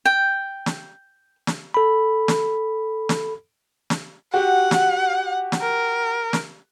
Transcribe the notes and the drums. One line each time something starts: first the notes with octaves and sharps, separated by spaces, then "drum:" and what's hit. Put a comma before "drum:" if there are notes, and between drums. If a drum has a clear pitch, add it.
G5
drum: snare
drum: snare
A4 B5
drum: snare
drum: snare
drum: snare
F#4 G4 F#5
drum: snare
drum: snare
A#4
drum: snare